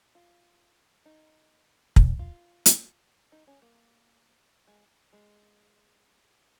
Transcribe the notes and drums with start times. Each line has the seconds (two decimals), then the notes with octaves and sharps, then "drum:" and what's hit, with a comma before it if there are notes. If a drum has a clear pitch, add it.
0.15 F4
1.05 D#4
1.96 C#4, drum: kick
2.19 F4
2.66 drum: hi-hat
3.32 D#4
3.47 C#4
3.62 A#3
4.67 G#3
5.13 G#3